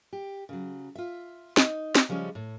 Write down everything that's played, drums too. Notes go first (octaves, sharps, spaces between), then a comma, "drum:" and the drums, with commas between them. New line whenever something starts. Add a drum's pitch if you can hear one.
G4
C#3 F#3
F4 E5
D#4, drum: snare
drum: snare
C#3 F3 G3 G#3 C#4
A2